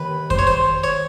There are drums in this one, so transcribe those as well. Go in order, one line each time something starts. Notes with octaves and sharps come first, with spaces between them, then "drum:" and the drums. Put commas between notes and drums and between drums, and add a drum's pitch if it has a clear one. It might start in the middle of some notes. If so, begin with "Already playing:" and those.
Already playing: D#2 B4
C5, drum: kick F2
C#5
C5
C#5